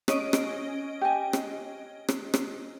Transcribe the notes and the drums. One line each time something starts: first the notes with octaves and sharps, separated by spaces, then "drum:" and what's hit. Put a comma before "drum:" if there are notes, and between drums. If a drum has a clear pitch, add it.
C#4 D#5 D7, drum: rim click
drum: rim click
G4 G#5
drum: rim click
drum: rim click
drum: rim click